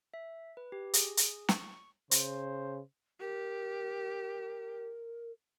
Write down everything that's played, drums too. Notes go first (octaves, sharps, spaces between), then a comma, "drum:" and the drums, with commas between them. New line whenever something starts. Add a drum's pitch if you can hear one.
E5
B4
G4
G#4, drum: hi-hat
drum: hi-hat
C#6, drum: snare
C#3 C5, drum: hi-hat
G4 A#4